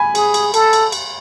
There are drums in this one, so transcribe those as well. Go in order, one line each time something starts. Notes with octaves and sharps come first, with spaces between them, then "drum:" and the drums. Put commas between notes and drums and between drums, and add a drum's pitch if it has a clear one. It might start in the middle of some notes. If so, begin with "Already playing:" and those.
Already playing: G#5 B5
G#4, drum: cymbal
drum: cymbal
A4, drum: cymbal
drum: cymbal
drum: cymbal